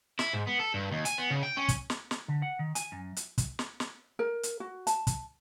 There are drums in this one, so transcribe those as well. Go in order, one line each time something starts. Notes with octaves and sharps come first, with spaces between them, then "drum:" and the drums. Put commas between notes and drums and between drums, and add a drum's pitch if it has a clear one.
E4, drum: snare
G#2
B3
A4
G2
D#2
G#5, drum: hi-hat
B3
C#3
G5
C#4
drum: kick, hi-hat
drum: snare
drum: snare
D3
F#5
D#3
G#5, drum: hi-hat
F#2
drum: hi-hat
drum: kick, hi-hat
drum: snare
drum: snare
A#4
drum: hi-hat
F#4
A5, drum: hi-hat
drum: kick, hi-hat